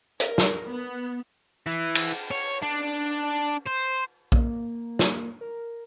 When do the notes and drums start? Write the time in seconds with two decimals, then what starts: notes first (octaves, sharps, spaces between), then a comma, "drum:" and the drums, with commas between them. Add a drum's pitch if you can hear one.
0.20 A#4, drum: hi-hat
0.38 drum: snare
0.68 B3
1.67 E3
1.95 drum: cymbal
2.31 C#5
2.63 D4
3.67 C5
4.32 A#3, drum: kick A#1
4.99 drum: snare
5.41 A#4